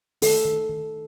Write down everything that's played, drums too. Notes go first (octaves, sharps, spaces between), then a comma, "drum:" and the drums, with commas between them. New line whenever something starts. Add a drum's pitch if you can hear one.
D#3 A4, drum: open hi-hat
D#3
D#3